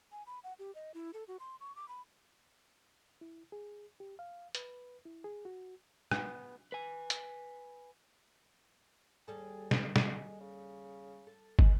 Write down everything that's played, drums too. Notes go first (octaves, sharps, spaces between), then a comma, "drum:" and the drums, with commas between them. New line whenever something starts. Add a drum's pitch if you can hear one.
G#5
B5
F#5
G4
D#5
E4
A4
F#4
C6
C#6
D6
B5
E4
G#4
G4
F5
B4, drum: hi-hat
E4
G#4
F#4
B3, drum: rim click
B4 G#5
drum: hi-hat
D#2 G3 G#4 A4
drum: snare
G#3, drum: snare
C#3
A4
G#3 B4, drum: kick